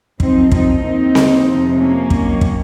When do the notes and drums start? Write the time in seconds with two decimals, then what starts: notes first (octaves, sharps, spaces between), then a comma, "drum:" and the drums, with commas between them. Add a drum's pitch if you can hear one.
0.20 F#2 F3 C4 D#4, drum: kick
0.51 C4 D#4, drum: kick
0.83 D#2 D#3 C4 D#4
1.15 drum: snare C4
1.46 F2 C3 F3
1.78 A#3 C#4
2.10 F#2 D#3, drum: kick
2.41 drum: kick